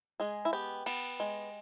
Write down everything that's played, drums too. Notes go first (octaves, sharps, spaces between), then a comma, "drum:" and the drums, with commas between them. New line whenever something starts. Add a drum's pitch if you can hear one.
G#3 G#4
E4
B3 G4
B3, drum: cymbal
G#3